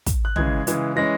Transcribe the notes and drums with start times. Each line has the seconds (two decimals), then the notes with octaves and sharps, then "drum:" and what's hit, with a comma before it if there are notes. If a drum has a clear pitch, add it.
0.06 drum: kick, hi-hat
0.25 F#6
0.36 C#3 E3 G#3 G#6, drum: tom
0.67 C#3 E3 G#3, drum: hi-hat
0.96 E3 G#3 C#4 A#6